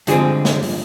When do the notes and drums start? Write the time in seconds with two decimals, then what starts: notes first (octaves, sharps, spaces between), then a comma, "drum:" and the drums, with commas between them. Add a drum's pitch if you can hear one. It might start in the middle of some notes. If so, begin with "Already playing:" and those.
0.07 G2 D3 F3 G#3 C4 F#4 G#4, drum: hi-hat
0.45 drum: snare
0.62 drum: open hi-hat